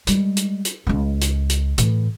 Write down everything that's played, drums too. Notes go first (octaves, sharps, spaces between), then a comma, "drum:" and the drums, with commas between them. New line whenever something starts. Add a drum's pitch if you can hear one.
G3 G#3, drum: hi-hat
drum: hi-hat
drum: hi-hat
C#2 G#3
drum: hi-hat
drum: hi-hat
A2 E3, drum: hi-hat